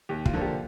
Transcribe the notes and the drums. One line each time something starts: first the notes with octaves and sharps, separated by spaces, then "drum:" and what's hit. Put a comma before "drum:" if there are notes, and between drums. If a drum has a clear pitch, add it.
D#2 G4
F4, drum: kick
D3 F3 A#3
G4